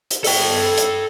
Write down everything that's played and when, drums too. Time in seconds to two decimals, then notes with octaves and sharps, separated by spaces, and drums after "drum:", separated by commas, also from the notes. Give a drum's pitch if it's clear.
0.11 drum: hi-hat
0.24 A4 G5, drum: open hi-hat
0.77 drum: hi-hat